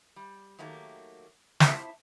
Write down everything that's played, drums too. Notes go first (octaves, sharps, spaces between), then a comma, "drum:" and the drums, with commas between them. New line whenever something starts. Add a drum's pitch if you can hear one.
G3
D#3 F#3 A3 A#3 G4 A#4
F2 F3 E4 C5 E5 A5, drum: snare